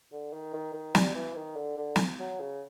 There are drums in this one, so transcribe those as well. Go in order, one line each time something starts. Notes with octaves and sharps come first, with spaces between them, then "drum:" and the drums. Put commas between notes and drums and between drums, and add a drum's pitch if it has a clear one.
D3
D#3
D#3
D#3
G3, drum: snare
E3
D#3
D3
D3
drum: snare
F#3
C#3